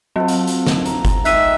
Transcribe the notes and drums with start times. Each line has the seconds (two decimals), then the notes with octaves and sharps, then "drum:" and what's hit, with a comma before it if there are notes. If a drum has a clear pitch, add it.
0.16 F3 F#3 C4 A4 F#5
0.28 drum: hi-hat
0.47 drum: hi-hat
0.66 drum: snare
0.86 A#5, drum: hi-hat
1.05 drum: kick F#1, hi-hat
1.25 D#3 G#3 G#4 E5 F#6 B6 D#7, drum: hi-hat